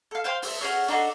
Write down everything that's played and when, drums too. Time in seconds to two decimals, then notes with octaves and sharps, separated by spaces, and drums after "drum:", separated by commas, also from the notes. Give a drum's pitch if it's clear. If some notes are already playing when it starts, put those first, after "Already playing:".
0.11 A4 F5
0.24 C5 F5 G5 C6
0.42 C5 E5, drum: open hi-hat
0.61 C#4 F#4 G#4 C#5
0.88 D4 D#4 F#4 A4